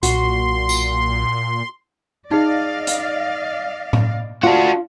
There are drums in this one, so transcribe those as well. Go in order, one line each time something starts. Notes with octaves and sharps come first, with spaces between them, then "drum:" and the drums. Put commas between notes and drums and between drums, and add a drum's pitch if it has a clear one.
B1 A#2 F#4 C6, drum: hi-hat
drum: tambourine
D#4 G#4 D5 D#5 F5
drum: hi-hat
drum: tom A2
D4 F4 F#4